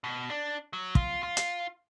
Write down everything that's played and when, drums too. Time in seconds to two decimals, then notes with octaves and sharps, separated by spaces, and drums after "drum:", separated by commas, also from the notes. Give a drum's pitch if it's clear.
0.04 B2
0.30 D4
0.73 F#3
0.95 F4, drum: kick
1.23 F4
1.37 drum: hi-hat